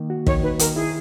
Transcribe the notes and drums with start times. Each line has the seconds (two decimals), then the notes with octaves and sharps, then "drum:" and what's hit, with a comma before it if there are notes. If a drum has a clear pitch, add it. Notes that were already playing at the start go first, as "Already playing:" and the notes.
Already playing: D#3 A#3
0.10 F#4
0.27 D#3 C#5, drum: kick
0.43 D#4 B4
0.59 D#3 A#4, drum: hi-hat
0.75 E4 G#4